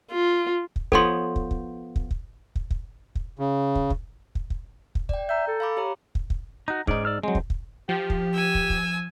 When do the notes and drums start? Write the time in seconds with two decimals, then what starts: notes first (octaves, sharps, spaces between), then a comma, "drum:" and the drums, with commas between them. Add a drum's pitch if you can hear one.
0.11 F4
0.76 drum: kick
0.92 F3 B3 A4 C#5 C6, drum: kick
1.36 drum: kick
1.51 drum: kick
1.96 drum: kick
2.11 drum: kick
2.56 drum: kick
2.70 drum: kick
3.15 drum: kick
3.39 C#3
3.75 drum: kick
3.90 drum: kick
4.35 drum: kick
4.50 drum: kick
4.95 drum: kick
5.09 D5 G5, drum: kick
5.29 E5 A#5 G6
5.48 A4
5.60 F5 B5 D6
5.77 G4 C#5 A#5
6.15 drum: kick
6.30 drum: kick
6.68 D#4 F#4 A#5
6.87 G#2 C#4 D#4 D5, drum: kick
7.05 D5 E6 F6
7.23 F#3 G#3 C4
7.35 drum: kick
7.50 drum: kick
7.89 F3 G4
8.10 drum: kick
8.33 G#5 E6
8.55 drum: kick
8.70 drum: kick